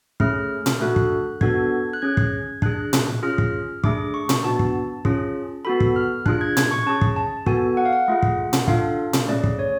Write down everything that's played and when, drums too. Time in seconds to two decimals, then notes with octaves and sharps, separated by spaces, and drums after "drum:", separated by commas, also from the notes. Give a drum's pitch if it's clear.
0.20 A3 C#4 G#4 F6, drum: kick
0.66 drum: tom A#2
0.81 A3 D4 F#4 A4 F#6
0.96 drum: kick
1.41 B3 D4 F#4 A4 G#6, drum: kick
1.93 F#6
2.02 C#4 G#4 G#6
2.17 drum: kick
2.62 D4 G#4 F#6, drum: kick
2.93 drum: tom A#2
3.23 C#4 F4 G#4 F6
3.38 drum: kick
3.84 A3 D4 G#4 D6, drum: kick
4.14 C#6
4.29 drum: tom A#2
4.44 B3 D4 F#4 A5
4.59 drum: kick
5.05 C#4 F4 G#4, drum: kick
5.65 B3 F#4 A4 B5
5.80 drum: kick
5.96 F6
6.26 D4 F4 G#4 F#6, drum: kick
6.41 G#6
6.57 G#6, drum: tom A#2
6.71 C#6
6.86 C#4 G#4 A5
7.01 drum: kick
7.16 A5
7.46 B3 F#4 A4 G#5, drum: kick
7.77 F#5
7.85 F5
7.93 F#5
8.08 A3 F4 G#4
8.23 drum: kick
8.53 drum: tom A#2
8.67 D4 F4 A4 F5, drum: kick
9.13 drum: tom A#2
9.28 A3 C#4 G#4 D5
9.44 drum: kick
9.59 C#5